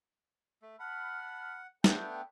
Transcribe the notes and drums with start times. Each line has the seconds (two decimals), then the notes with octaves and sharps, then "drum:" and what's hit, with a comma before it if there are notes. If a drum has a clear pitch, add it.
0.62 A3
0.80 F#5 A5 B5 F6
1.84 A3 B3 D4 G5, drum: snare